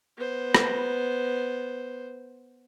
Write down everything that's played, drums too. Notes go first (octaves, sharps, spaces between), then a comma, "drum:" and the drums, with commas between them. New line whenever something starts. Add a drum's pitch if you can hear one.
B3 C5
drum: rim click